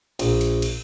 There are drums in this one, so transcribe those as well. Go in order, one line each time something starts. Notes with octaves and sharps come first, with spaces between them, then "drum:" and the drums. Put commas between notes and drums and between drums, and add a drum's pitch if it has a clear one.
A#1, drum: cymbal
drum: cymbal
drum: cymbal